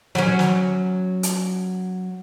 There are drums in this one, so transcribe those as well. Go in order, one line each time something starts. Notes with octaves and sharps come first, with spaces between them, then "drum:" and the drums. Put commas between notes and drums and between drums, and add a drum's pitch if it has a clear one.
F#3 C#4, drum: snare
drum: snare
drum: hi-hat